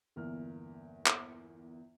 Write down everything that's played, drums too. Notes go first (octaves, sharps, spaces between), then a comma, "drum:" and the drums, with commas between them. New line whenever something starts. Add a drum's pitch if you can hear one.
G1 E2 A#3 F6
drum: clap